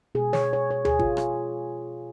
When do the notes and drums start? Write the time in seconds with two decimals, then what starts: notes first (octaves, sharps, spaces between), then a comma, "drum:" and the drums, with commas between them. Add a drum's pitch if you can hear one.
0.15 B2 G#3 G#4
0.33 C#5, drum: snare
0.53 C#5
0.71 C#5
0.85 G#4, drum: tom D2
0.99 F4, drum: kick
1.17 drum: rim click